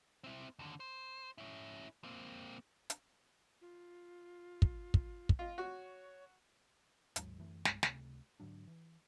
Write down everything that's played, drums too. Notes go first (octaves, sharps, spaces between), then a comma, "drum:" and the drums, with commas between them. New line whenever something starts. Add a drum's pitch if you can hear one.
C4 E4
D#2 D3
C5
C#4 E4
A#3 C4
drum: hi-hat
F4
drum: kick
drum: kick
drum: kick
F4 D#5
F#4 C#5
A1 D#2 G#2 F#3, drum: hi-hat
F#2 E3 A3
C2 G2 G#3, drum: snare
C#2 C3 A3, drum: snare
G#2 D3 F#3 D4
E3